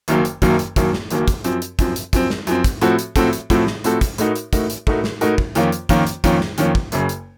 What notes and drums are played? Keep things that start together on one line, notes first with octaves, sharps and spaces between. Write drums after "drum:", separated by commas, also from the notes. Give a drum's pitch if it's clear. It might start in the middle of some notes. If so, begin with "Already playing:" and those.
F#1 F#2 D#3 F#3 A#3, drum: hi-hat
drum: hi-hat
F#1 F#2 D#3 F#3 A#3, drum: kick, hi-hat
drum: hi-hat
F#1 F#2 D#3 F#3 A#3, drum: kick, hi-hat
drum: snare
F#1 F#2 D#3 F#3 A#3, drum: hi-hat
drum: kick, hi-hat
F#2 F3 C4, drum: hi-hat
drum: hi-hat
F#2 F3 C4, drum: kick, hi-hat
drum: hi-hat
F#2 F3 C4, drum: kick, hi-hat
drum: snare
F#2 F3 C4, drum: hi-hat
drum: kick, hi-hat
A2 F3 C4 F#4 A4, drum: hi-hat
drum: hi-hat
A2 F3 C4 F#4 A4, drum: kick, hi-hat
drum: hi-hat
A2 F3 C4 F#4 A4, drum: kick, hi-hat
drum: snare
A2 F3 C4 F#4 A4, drum: hi-hat
drum: kick, hi-hat
A2 A3 D#4 F#4 A#4, drum: hi-hat
drum: hi-hat
A2 A3 D#4 F#4 A#4, drum: kick, hi-hat
drum: hi-hat
A2 A3 D#4 F#4 A#4, drum: kick
drum: snare
A2 A3 D#4 F#4 A#4, drum: hi-hat
drum: kick
F2 D#3 A#3 C#4 F4, drum: hi-hat
drum: hi-hat
F2 D#3 A#3 C#4 F4, drum: kick, hi-hat
drum: hi-hat
F2 D#3 A#3 C#4 F4, drum: kick, hi-hat
drum: snare
F2 D#3 A#3 C#4 F4, drum: hi-hat
drum: kick
F#1 F#2 C#3, drum: hi-hat
drum: hi-hat